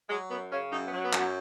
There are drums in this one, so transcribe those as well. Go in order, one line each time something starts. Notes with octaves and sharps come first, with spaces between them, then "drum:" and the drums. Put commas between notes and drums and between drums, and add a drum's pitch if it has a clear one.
F#3 G#3
F#2 B3
C#3 C#4
F#2 D#4
B3
F#3
B3
F#2, drum: clap
B3